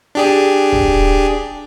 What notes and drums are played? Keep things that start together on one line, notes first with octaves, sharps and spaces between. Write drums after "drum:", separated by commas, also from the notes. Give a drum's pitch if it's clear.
D4 G4 G#4
drum: kick